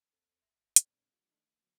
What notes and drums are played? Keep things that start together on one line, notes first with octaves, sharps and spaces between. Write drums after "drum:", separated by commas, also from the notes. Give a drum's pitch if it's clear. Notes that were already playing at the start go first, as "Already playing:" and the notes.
D#2 C4 A4
G1 E5 C6 A#6
A#2 G#3 B3 C4 D4, drum: hi-hat
D#3 E3 G3 A#3 D4 F4
D#3 A3 D4 D#4
D3 F#3 B3